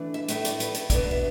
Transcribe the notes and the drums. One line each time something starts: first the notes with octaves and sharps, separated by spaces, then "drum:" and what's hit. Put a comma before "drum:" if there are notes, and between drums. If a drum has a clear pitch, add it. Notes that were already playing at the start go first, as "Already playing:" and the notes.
Already playing: E3 A3 D4
E5
A2 A3 E4 E5, drum: hi-hat
D5, drum: hi-hat
B4, drum: hi-hat
A4, drum: hi-hat
B2 B3 D4 D5, drum: kick, hi-hat
E5